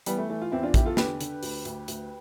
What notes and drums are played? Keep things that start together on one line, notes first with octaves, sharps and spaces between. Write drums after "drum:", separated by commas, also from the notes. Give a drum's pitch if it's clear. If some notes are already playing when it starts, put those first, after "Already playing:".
E3 G3 B3, drum: hi-hat
A3
E3 A3
F4
E2 C4 E4
D4 F4
E2 E4 G4, drum: kick A1, hi-hat
F4 A4
D3 G4 B4, drum: snare
D3, drum: hi-hat
D2, drum: open hi-hat
D2, drum: hi-hat
D2, drum: hi-hat